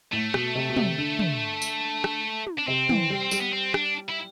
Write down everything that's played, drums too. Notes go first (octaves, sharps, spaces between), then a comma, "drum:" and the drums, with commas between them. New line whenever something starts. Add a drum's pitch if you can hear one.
A2 A3
B2, drum: rim click
C3
B2
C3, drum: tom
D3
drum: tom
drum: tambourine
drum: rim click
drum: tom
D4
C3 C4
E3, drum: tom
G3
G3, drum: tambourine
B3
C4
D4, drum: rim click
E4